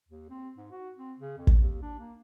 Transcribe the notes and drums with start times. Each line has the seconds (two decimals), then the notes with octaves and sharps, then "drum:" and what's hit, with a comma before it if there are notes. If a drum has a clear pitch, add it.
0.08 D#2
0.29 C4
0.57 G#2
0.71 F#4
0.96 C4
1.18 C#3
1.37 F2
1.47 drum: kick
1.57 D#2
1.82 D4
1.99 A#3